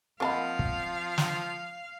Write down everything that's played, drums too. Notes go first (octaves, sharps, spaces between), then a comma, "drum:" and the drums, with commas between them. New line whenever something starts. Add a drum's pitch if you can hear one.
F3 A#3 C4 D#5 F5 F#5 A5 B5
drum: kick
drum: snare